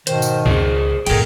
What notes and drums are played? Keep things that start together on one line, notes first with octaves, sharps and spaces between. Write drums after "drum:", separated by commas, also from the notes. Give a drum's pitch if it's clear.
G#2 B2 D#3 C5, drum: hi-hat
drum: tambourine
C#2 G#4 C5 D5, drum: tom F2
F2 A2 D3 G#4 A#4 G5, drum: cymbal